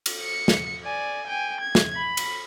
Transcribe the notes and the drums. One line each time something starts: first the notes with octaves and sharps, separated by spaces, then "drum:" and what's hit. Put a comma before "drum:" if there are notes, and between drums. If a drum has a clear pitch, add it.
drum: cymbal
C#7
drum: snare
D5 G#5
G5 G#5
G#6
drum: snare
B5
drum: cymbal